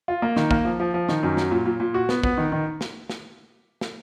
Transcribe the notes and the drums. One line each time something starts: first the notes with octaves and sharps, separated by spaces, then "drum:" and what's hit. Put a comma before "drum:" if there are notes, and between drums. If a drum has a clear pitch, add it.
F4
A#3
D#3, drum: snare
A#3, drum: kick
F3
F3
F3
D#3, drum: snare
F#2
F#3, drum: snare
A#2
A#2
A#2
F#4
B3, drum: snare
B3, drum: kick
D#3
D#3
drum: snare
drum: snare
drum: snare